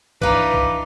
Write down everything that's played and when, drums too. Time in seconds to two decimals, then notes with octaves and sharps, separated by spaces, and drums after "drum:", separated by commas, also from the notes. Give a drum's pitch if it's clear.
0.21 E3 D4 D#4 B4 F5 D6, drum: kick B1
0.54 drum: kick B1